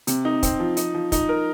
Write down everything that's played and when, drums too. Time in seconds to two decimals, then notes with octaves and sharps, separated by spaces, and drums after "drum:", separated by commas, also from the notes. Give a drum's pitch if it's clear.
0.07 C3, drum: hi-hat
0.25 D#4
0.43 C4, drum: kick, hi-hat
0.60 F3
0.77 D#4, drum: hi-hat
0.95 F3
1.12 D#4, drum: kick, hi-hat
1.29 A#4